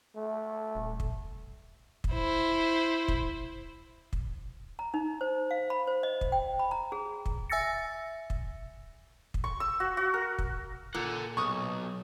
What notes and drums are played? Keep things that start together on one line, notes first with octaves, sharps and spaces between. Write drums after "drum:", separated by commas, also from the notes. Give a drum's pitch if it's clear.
A3
D#1
drum: kick
drum: kick
E4 C5
drum: kick
drum: kick
A#5
D#4
C5
F5
B5
C5
D#5
drum: kick
G5
B5
A#5
G#4
drum: kick
E5 G#5 E6 A6 A#6 C#7
drum: kick
drum: kick
C#6
E6
F#4
F#4
A#4
drum: kick
A#2 A4 F#5
B1 C#6 D#6